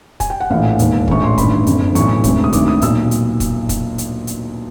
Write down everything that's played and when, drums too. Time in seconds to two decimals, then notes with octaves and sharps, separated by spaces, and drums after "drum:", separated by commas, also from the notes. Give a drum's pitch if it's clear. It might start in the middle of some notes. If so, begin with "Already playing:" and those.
0.20 G#5, drum: kick, hi-hat
0.30 G5
0.40 F#5
0.50 A#1 A2 E3 F5
0.79 E1 D#2 D#3, drum: hi-hat
1.08 A#1 A2 E3 C#6, drum: kick
1.23 C6
1.38 A1 G2 D#3 B5, drum: kick, hi-hat
1.67 F#1 F2 D3, drum: hi-hat
1.95 B1 A2 E3 C#6, drum: hi-hat
2.24 E1 D2 C3, drum: kick, hi-hat
2.44 D#6
2.53 D2 C3 D#3 D6, drum: kick, hi-hat
2.68 D#6
2.82 B1 A#2 E6, drum: hi-hat
3.11 drum: hi-hat
3.40 drum: kick, hi-hat
3.69 drum: kick, hi-hat
3.98 drum: hi-hat
4.27 drum: hi-hat